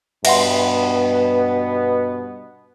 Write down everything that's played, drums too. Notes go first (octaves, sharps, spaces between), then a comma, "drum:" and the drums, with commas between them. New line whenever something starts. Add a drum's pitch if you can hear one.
G2 B2 B3 E5 F#5 C6, drum: cymbal